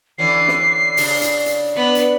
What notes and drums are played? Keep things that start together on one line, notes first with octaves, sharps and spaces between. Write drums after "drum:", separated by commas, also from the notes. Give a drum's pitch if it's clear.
D3 E3 C#4 C7
drum: snare
C#3 D4, drum: open hi-hat
drum: hi-hat
drum: hi-hat
B3 D4 B4
drum: hi-hat